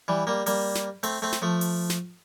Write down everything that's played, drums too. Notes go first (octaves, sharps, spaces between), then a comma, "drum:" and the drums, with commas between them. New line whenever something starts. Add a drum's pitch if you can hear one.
E3 G3
G3 A#3
G3 A#3, drum: open hi-hat
drum: snare
A3 C4, drum: open hi-hat
A3 C4
drum: snare
F3 A3
drum: open hi-hat
drum: snare